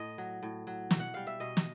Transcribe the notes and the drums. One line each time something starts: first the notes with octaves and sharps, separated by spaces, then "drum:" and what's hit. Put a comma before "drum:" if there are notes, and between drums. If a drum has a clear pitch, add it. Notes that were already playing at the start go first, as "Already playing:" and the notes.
Already playing: A2 D#5
F#3
A2
F#3
B2, drum: snare
F#5
G3 F5
E5
B2 D#5
drum: snare